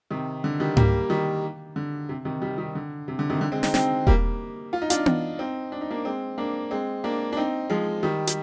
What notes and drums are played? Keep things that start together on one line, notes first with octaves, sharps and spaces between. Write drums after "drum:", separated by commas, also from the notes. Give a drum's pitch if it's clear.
C3 D#3
D3
D#3 G3
G3 A#3, drum: tom G#2
D#3 G3
D3
C3
C3 D#3
D#3 G3
D#3 G3
D3
C3
D3
C3 D#3
D3
G#3 C4
C4 D#4, drum: snare
C4 D#4, drum: snare
G3 A#3, drum: kick E1
F4
D#4
D4 F4, drum: hi-hat
drum: tom B3
C4 D#4
D4
D#4
A#3 D4
G#3 C4
A#3 D4
G#3 C4
A#3 D4
D4
C4 D#4
F3 G#3
D#3 G3
G3, drum: hi-hat